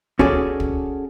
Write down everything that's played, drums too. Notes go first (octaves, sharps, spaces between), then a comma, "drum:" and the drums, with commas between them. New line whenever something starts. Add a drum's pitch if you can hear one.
C#4 F#4 G#4 A4 D5, drum: kick
drum: kick